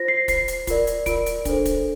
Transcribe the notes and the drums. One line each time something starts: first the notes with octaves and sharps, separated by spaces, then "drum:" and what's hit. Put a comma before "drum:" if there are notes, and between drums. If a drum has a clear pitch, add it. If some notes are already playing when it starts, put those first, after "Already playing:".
Already playing: F4 C5 A#6
C7
F4 C5 C7, drum: kick, hi-hat
drum: hi-hat
F4 A#4 D5, drum: kick, hi-hat
drum: hi-hat
F4 A#4 D5 D7, drum: kick, hi-hat
drum: hi-hat
D4 A4 C5, drum: kick, hi-hat
drum: kick, hi-hat